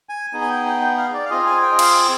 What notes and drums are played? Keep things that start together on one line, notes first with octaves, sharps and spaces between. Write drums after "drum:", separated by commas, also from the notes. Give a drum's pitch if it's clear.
G#5
B3 D#4 G#4
G#5
G5
G5
G5
F5
D5
F5
C4 F4 G#4 D#5
G#5
G5
D#5
F5, drum: cymbal